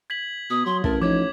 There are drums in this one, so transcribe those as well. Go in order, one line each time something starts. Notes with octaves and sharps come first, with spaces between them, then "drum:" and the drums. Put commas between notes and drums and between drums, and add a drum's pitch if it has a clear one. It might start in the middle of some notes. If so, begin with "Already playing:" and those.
G#6 B6 F#7
B2 D#6
F#3 C6
A1 A#4 E5 A5, drum: kick
F3 D#4 C#5 D6 G#6